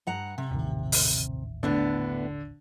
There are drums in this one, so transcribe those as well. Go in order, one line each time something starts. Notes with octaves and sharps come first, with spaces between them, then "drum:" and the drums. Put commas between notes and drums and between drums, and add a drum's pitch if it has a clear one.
G2 F#5 A#5
C3
D#1 A1 D#3
drum: open hi-hat
A2 D3 B3 D4